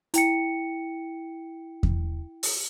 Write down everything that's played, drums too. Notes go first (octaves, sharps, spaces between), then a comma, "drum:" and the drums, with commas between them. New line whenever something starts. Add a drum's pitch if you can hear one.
E4 G5 C#7, drum: hi-hat
drum: kick E2
drum: open hi-hat